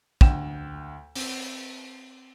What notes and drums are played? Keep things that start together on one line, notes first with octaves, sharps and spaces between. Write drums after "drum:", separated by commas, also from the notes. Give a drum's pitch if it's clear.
D2 G5 E7, drum: kick
C4, drum: open hi-hat